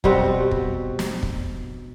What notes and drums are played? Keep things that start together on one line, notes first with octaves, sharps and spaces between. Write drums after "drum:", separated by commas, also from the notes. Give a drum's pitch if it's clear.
B2 G3 C4 F#4, drum: kick
drum: kick
drum: snare
drum: kick